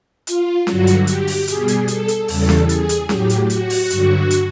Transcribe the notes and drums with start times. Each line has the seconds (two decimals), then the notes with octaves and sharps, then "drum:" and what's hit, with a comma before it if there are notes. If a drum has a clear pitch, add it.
0.27 F4, drum: hi-hat
0.67 G2 D3 F#3 F#4, drum: snare C#4
0.87 drum: hi-hat
1.07 G4, drum: hi-hat
1.27 drum: open hi-hat
1.48 B2 G3 G#4, drum: hi-hat
1.68 drum: hi-hat
1.88 A4, drum: hi-hat
2.08 drum: hi-hat
2.28 E2 C#3 E3 G3 A4, drum: open hi-hat
2.49 drum: snare C#4
2.69 G#4, drum: hi-hat
2.89 drum: hi-hat
3.09 A2 F#3 G4, drum: snare C#4
3.30 drum: hi-hat
3.50 F#4, drum: hi-hat
3.70 drum: open hi-hat
3.90 G2 D3 F#3, drum: hi-hat
4.31 drum: hi-hat